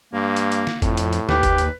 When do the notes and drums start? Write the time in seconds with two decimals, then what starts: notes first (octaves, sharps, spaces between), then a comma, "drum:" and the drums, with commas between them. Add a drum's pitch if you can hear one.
0.13 G2 A#3
0.36 drum: hi-hat
0.52 drum: hi-hat
0.67 drum: snare
0.82 F2 A2, drum: kick F#1, hi-hat
0.97 drum: hi-hat
1.13 drum: hi-hat
1.29 D#2 G4 B4, drum: snare
1.43 drum: kick F#1, hi-hat
1.58 drum: hi-hat